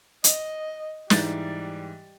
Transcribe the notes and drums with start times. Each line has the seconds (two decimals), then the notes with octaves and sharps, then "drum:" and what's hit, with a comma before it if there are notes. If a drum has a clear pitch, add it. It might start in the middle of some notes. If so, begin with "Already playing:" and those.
0.24 D#5, drum: hi-hat
1.10 G#2 E3 G3 A6, drum: snare